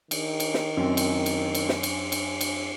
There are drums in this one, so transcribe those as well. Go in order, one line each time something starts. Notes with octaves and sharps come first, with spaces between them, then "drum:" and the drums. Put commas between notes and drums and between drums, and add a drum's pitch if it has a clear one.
D#3, drum: cymbal
drum: cymbal
drum: snare
F#2 C4
drum: cymbal
drum: cymbal
drum: cymbal
drum: snare
drum: cymbal
drum: cymbal
drum: cymbal